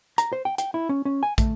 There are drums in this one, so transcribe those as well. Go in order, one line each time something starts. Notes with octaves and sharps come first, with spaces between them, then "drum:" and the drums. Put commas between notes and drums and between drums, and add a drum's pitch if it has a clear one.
A#5, drum: hi-hat
C5
G5
G5, drum: hi-hat
E4
C#4
C#4
G#5
A3, drum: kick, hi-hat